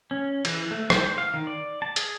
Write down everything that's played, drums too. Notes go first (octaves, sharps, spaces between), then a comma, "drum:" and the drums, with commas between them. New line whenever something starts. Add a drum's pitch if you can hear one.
C#4
E3, drum: cymbal
A3
C5, drum: rim click
F5
D#3
D5
A5
G#4, drum: hi-hat